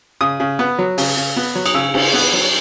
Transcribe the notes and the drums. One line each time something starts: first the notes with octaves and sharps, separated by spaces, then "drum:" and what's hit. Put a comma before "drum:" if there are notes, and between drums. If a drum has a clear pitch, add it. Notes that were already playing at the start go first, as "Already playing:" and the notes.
C#3 D#6
C#3
B3
F#3
C#3, drum: open hi-hat
C#3
B3
F#3
D#6, drum: cymbal
C#3 E6
C#3, drum: cymbal
B3
F#3